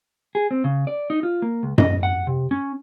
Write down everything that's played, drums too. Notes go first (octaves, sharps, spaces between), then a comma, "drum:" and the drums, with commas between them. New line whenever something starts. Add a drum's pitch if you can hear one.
G#4
C4
C#3
D5
D#4
F4
A#3
C#2
D#5, drum: tom F#2
F#5
C3
C#4